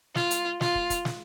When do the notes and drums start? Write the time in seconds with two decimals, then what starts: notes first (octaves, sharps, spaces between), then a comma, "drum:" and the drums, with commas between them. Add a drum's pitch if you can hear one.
0.15 F4, drum: snare
0.31 drum: hi-hat
0.61 F4, drum: snare
0.75 drum: kick
0.90 drum: kick, hi-hat
1.05 drum: snare